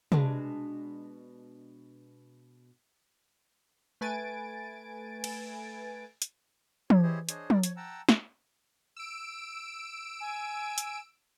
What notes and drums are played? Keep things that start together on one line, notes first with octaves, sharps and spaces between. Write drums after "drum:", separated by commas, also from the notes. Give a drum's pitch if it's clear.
B2 G#3 D4, drum: tom C3
A3 B4 G#5 A6 D7
drum: cymbal
drum: hi-hat
G4 C#5, drum: tom
E4 G4 G#4 C5 C#5 D#5
D4 G#4 C5 C#5 D#5, drum: hi-hat
G#4 A#4 D5, drum: tom
C#5, drum: hi-hat
F#5 G5 A5 A#5 E6
drum: snare
E6 D7
G#5
drum: hi-hat